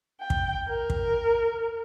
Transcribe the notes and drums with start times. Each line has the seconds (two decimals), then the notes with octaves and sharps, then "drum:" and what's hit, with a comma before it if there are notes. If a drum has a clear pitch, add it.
0.21 G5
0.30 drum: kick
0.68 A#4
0.90 drum: kick